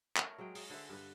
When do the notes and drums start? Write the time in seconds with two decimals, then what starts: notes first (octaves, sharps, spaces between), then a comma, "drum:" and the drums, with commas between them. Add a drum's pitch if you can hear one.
0.16 A3 A#4 C#5, drum: clap
0.39 F#3 G#3 G#4 G5
0.55 G#4, drum: open hi-hat
0.70 D3 B4 C5 E5
0.89 G2 B4